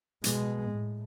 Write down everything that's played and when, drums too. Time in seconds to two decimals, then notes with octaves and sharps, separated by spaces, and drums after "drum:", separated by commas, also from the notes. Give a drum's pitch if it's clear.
0.24 B2 G#3, drum: hi-hat
0.71 A2